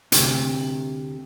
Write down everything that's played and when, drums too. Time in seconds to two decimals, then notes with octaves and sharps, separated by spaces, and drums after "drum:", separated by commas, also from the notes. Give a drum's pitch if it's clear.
0.12 D2 C3, drum: hi-hat